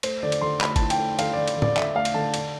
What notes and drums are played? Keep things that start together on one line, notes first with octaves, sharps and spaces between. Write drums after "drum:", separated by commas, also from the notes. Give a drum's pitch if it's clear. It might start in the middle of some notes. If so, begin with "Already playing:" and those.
A3 C5, drum: cymbal
D3 D5
drum: cymbal
D3 C6
A3 B5, drum: clap
E4 A5, drum: kick, cymbal
G5, drum: cymbal
A3
D3 F5, drum: cymbal
D3 D5
drum: cymbal
D3
D5, drum: tom A2
D3 E5, drum: clap
A3 F5
drum: cymbal
D3 A5
D4, drum: cymbal